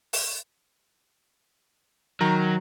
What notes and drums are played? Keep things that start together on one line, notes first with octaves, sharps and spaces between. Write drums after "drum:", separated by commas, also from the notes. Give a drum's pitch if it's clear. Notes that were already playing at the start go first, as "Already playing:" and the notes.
drum: open hi-hat
D#3 F#3 A#5